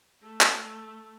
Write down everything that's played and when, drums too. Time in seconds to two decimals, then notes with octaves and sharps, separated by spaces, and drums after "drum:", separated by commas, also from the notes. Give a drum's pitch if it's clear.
0.23 A3
0.41 drum: clap